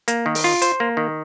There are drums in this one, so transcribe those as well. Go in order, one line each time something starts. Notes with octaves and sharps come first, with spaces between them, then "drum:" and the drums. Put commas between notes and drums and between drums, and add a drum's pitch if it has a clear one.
A#3, drum: hi-hat
D#3
drum: open hi-hat
F4
C5, drum: hi-hat
A#3
D#3